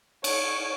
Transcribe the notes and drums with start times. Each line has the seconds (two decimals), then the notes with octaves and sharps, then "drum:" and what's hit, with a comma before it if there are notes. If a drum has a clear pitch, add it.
0.24 C#5, drum: cymbal